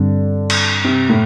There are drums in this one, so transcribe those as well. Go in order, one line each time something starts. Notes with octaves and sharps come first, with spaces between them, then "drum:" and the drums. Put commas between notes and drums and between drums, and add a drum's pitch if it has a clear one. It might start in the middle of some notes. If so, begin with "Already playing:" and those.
Already playing: G2 D3 G3 C4
drum: cymbal
C3
A2